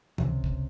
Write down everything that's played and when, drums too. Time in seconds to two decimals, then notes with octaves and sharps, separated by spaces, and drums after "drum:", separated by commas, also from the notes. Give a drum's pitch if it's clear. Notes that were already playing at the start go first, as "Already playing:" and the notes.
0.18 C#2 C3, drum: tom D#3
0.44 drum: kick